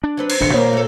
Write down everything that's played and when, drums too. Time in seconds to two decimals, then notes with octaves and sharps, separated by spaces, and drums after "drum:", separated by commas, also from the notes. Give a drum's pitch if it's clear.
0.04 D4
0.17 F#3 C4 B4
0.30 drum: cymbal
0.40 D#1 G#1 D4 C#7
0.53 A#2 D#3 G3 A#3 C5 C#5
0.73 A3 A4